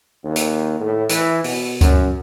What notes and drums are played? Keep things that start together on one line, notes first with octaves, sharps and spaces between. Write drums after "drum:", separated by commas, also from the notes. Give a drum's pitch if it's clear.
D#2
drum: hi-hat
A2
E3, drum: hi-hat
B2, drum: open hi-hat
F#2, drum: kick C#2, hi-hat